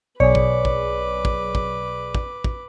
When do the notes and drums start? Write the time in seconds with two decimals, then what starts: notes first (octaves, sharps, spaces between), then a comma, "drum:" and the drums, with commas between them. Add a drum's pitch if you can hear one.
0.20 B1 G#4 B4 C#5 D5 D6
0.35 drum: kick
0.65 drum: kick
1.25 drum: kick
1.55 drum: kick
2.15 drum: kick
2.44 drum: kick